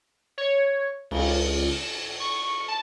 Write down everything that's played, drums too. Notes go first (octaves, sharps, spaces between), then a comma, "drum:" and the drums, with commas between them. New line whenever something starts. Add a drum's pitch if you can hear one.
C#5
C#2, drum: cymbal
E7
C#6
A5